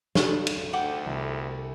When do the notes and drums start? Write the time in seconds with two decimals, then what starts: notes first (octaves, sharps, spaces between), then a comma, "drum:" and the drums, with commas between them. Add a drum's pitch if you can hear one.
0.15 F4 A4, drum: snare
0.47 drum: cymbal
0.73 D2 F#5 G5 D6
1.03 C2 E6 C7